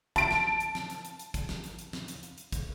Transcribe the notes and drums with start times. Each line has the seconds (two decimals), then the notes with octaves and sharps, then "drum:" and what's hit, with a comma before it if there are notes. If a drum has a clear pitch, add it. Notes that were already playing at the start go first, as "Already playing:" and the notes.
0.16 A5 D7, drum: kick, hi-hat
0.31 drum: snare
0.60 drum: hi-hat
0.75 drum: snare
0.90 drum: hi-hat
1.05 drum: hi-hat
1.19 drum: hi-hat
1.34 drum: kick, hi-hat
1.49 drum: snare
1.64 drum: hi-hat
1.79 drum: hi-hat
1.93 drum: snare
2.08 drum: hi-hat
2.23 drum: hi-hat
2.38 drum: hi-hat
2.52 drum: kick, hi-hat